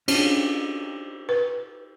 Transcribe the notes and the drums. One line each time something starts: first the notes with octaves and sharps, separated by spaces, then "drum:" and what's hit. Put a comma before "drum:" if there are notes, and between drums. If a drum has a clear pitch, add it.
C#4 D4, drum: cymbal
B4